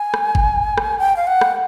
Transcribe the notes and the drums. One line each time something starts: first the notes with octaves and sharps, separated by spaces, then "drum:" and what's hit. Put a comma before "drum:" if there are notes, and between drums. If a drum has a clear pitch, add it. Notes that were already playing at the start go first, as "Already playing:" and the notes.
Already playing: G#5
drum: rim click
drum: kick G1
drum: rim click
G5
F5
F#5
drum: rim click